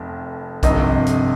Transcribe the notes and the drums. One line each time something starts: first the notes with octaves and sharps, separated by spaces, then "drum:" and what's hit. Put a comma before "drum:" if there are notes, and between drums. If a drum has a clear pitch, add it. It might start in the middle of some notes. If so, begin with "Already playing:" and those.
Already playing: F1 F2
G1 F2 C3 D#5, drum: kick, hi-hat
drum: hi-hat